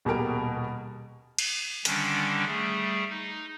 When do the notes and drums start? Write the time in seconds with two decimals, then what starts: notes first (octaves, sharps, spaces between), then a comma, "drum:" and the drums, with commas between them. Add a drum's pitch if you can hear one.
0.05 D#1 B2 G4 G#4 A#4 D7
1.39 drum: cymbal
1.85 D3 D#3 G3 C#4 D4, drum: hi-hat
2.46 G3 A3 G#4
3.09 D#4